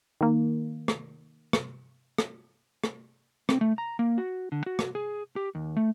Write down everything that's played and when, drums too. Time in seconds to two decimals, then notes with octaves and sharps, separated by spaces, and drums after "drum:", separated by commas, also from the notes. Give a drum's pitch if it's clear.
0.21 D#3 A#3
0.88 drum: rim click
1.53 drum: rim click
2.18 drum: rim click
2.84 drum: rim click
3.49 C4, drum: rim click
3.61 A3
3.78 A#5
3.99 A#3
4.18 F#4
4.52 D3
4.66 F#4
4.79 drum: rim click
4.95 G#4
5.36 G4
5.55 D#2
5.76 A3